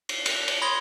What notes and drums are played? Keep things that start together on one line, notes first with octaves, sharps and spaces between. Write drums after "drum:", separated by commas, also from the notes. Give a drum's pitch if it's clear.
C7, drum: cymbal
F7, drum: cymbal
drum: cymbal
B5 C6 D#6 G#6 A#6 G7